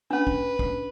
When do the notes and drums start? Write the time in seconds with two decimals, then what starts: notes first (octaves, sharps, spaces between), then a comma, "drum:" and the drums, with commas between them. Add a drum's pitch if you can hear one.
0.11 C#4 D4 B4
0.27 drum: kick
0.59 drum: kick